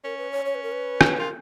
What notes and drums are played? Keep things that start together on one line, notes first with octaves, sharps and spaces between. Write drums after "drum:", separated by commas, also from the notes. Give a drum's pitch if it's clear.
C#4 A#4
B4
C#5
C#5
B4
A#4
B4
drum: rim click
F4 A#4